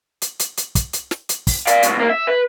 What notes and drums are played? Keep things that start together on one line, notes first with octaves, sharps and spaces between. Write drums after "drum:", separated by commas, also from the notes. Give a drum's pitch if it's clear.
drum: hi-hat
drum: hi-hat
drum: hi-hat
drum: kick, hi-hat
drum: hi-hat
drum: snare
drum: hi-hat
drum: kick, open hi-hat
D5 F5, drum: hi-hat
G#2 B2, drum: hi-hat
D2 A#3
E5
B4